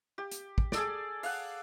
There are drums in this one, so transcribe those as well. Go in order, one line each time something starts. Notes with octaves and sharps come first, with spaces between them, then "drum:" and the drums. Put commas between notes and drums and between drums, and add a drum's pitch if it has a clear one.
G4
drum: hi-hat
drum: kick
G#4 A4 D5, drum: snare
F5 F#5, drum: open hi-hat